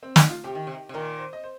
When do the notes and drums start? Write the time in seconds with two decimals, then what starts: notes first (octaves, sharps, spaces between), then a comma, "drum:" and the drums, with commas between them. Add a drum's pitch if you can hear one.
0.03 C4
0.16 D#4, drum: snare
0.30 F4
0.44 C3 G4
0.55 D#3
0.67 C3
0.89 C3
0.94 A#2 D#3 A#4
1.19 C5
1.33 D#5
1.43 C5